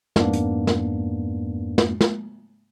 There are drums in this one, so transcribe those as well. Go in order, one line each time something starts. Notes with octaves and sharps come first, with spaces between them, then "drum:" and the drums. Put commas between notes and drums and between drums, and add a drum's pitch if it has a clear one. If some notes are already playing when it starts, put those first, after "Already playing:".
F2 G#2 A#3 B3 D4, drum: snare
drum: hi-hat
drum: snare
drum: snare
drum: snare